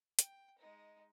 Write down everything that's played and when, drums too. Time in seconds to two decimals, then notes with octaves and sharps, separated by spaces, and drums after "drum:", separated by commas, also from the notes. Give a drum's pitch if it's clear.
0.19 G5, drum: hi-hat
0.59 G#3 D#4